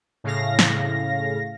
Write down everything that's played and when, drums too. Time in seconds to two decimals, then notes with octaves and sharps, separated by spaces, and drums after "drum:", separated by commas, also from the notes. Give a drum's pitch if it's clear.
0.24 A2 C#3 F5 A#6
0.59 drum: snare